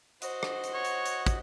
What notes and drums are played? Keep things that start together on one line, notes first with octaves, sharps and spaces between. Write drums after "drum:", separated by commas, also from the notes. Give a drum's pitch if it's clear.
F#4 C5 D#5 F#5, drum: hi-hat
drum: rim click
drum: hi-hat
C#5
drum: hi-hat
drum: hi-hat
drum: kick, hi-hat